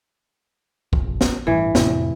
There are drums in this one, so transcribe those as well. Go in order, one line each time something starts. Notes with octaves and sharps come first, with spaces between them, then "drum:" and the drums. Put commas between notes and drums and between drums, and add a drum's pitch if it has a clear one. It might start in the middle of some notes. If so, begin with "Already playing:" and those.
F1 A#1, drum: kick
drum: snare
A1 G2 E3
F2 A2 C3, drum: snare